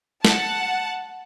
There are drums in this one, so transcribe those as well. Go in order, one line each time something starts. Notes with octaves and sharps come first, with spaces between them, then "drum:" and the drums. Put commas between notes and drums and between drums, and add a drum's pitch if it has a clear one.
F#5 A5, drum: snare